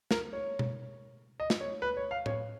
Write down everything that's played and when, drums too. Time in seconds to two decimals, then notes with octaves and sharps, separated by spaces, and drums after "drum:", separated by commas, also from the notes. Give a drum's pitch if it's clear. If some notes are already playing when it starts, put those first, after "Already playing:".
0.11 A#4, drum: snare
0.33 C#5
0.59 drum: tom B2
1.40 D#5
1.50 drum: snare
1.61 C#5
1.82 B4
1.97 C#5
2.11 F5
2.26 C#5, drum: tom A2